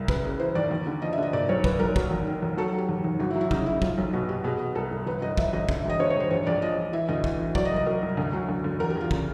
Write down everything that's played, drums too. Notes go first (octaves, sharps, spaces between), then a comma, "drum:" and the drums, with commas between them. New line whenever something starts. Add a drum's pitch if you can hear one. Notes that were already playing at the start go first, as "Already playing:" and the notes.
Already playing: C2
C#3 B4, drum: kick
C#3
E3 C5
D#2 D5
D#2
D3
F3 D#5
E5
D3 D#5
A#2 D5
B1 C#5
A#2 B4, drum: kick
B1 A#4
F#3, drum: kick
D#2
D#3
D#2
F#3 A4
A4
F#3
G4
D#2
D#2
G1 F#4
E4
F#3
E4
C#3 D#4, drum: kick
C#3 E4
B1 F4, drum: kick
B1
B2 F#4
B2 G4
B2 G#4
B2
C2 A4
C2
G1 B4
G1 D#5
G1 E5, drum: kick
G1 D#5
D3, drum: kick
E5
E1
D#5
D3 C#5
C#5
E1 C5
A#1 C#5
A#1 D5
F3 D#5
A#1
E3 E5
D2 D#5
E3, drum: kick
E3
F#3 D5, drum: kick
D#5
C2
D#5
F#3 A#4
C2
D2
F#3
D2
D2
E2 A#4
G4
E2 F4
C#3, drum: kick